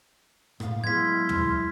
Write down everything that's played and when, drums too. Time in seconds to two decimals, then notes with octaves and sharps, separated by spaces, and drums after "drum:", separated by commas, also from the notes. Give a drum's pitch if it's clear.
0.60 A2 F5, drum: rim click
0.84 F#3 G#3 B3 E4 C6 F6 G#6 B6
1.29 drum: tom